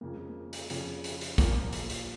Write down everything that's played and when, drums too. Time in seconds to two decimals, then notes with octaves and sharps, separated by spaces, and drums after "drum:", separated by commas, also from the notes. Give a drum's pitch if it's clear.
0.01 F2 C#3 F3 A#3
0.15 G#3
0.29 A#3
0.53 drum: hi-hat
0.70 F2 C#3 F3, drum: hi-hat
1.04 drum: hi-hat
1.21 drum: hi-hat
1.38 A#2 F3 A#3, drum: kick, hi-hat
1.73 drum: hi-hat
1.90 drum: hi-hat